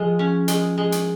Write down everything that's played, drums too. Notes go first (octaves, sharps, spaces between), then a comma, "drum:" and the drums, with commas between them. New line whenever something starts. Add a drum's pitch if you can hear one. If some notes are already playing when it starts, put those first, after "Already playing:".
Already playing: F3 G#3 F4
C#4
G#3, drum: hi-hat
G#3
drum: hi-hat